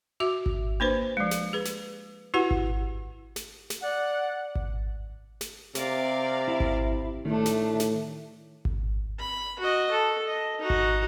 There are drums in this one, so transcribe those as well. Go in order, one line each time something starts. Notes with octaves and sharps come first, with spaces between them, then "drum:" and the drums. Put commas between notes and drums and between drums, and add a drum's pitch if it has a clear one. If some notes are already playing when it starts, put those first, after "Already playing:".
F#4 E5 D6
drum: kick G#1
A#3 D4 B4 C5
F3 G#3
drum: snare
G#4 B4
drum: snare
E4 F#4 G4 B4 F#5
drum: kick G#1
drum: snare
drum: snare
D5 F#5
drum: kick G#1
drum: snare
C3 A#4 D5 F5, drum: snare
E4
drum: kick G#1
A2 D#3 A3 D4
drum: snare
drum: snare
drum: kick G#1
B5
F#4 D#5
A4
D#5
D#4 F#4
drum: kick G#1